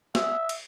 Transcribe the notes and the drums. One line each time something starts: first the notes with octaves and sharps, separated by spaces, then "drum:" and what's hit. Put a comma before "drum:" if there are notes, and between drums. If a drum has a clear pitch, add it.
E5, drum: snare
drum: cymbal